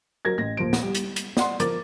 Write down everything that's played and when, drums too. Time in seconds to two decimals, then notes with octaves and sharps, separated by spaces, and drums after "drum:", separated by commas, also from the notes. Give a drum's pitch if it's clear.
0.25 F#3 A#4 G#6 A#6
0.38 A1 A#6
0.57 D#1 F3 A#3 C5 D7
0.73 drum: snare
0.82 G3
0.95 drum: hi-hat
1.16 drum: hi-hat
1.37 D5 F#5 C6, drum: snare
1.60 F3 A#4 D6 A6, drum: hi-hat